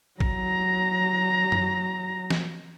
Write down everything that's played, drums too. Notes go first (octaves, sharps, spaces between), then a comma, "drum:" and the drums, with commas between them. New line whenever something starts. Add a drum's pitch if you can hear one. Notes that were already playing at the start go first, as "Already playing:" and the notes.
F#3 A#5, drum: kick
drum: tom F#2
drum: snare